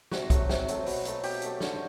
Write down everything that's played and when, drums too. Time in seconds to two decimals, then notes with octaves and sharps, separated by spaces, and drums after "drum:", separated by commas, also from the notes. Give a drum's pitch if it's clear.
0.11 C3 F#4, drum: snare
0.30 F#3 A3, drum: kick B1, hi-hat
0.49 C3, drum: snare
0.68 F#3 A3, drum: hi-hat
0.86 B2, drum: open hi-hat
1.05 F#3 A3, drum: hi-hat
1.23 B2 G4, drum: open hi-hat
1.42 F#3 A3, drum: hi-hat
1.61 D3, drum: snare